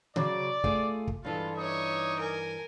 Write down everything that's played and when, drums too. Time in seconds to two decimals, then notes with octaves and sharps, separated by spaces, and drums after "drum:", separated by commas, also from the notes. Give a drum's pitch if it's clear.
0.16 C#3 F#3 D5, drum: tom C#3
0.64 A3 F4 G#4, drum: kick
1.07 drum: kick
1.25 G2 E3 G#3 F4 A4
1.56 D#4 C#5 E5 D6 D#6
2.20 A#4 G#5